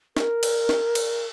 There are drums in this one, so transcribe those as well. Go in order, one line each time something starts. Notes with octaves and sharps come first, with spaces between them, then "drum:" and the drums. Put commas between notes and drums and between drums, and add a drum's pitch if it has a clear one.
A#4, drum: snare
drum: cymbal
drum: snare
drum: cymbal